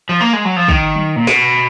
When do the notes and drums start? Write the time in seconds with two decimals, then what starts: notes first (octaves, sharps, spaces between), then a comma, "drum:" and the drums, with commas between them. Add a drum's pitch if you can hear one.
0.09 F3
0.21 A#3
0.33 G#3
0.45 F#3
0.56 F3
0.68 D#3, drum: kick
0.96 drum: tom F#3
1.16 A#2
1.27 B2, drum: snare